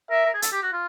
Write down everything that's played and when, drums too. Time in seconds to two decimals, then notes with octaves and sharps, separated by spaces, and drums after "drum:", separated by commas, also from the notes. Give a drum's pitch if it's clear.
0.11 A#4 E5
0.26 A#4
0.34 G#4
0.42 A4, drum: hi-hat
0.52 G4
0.63 F#4
0.73 F4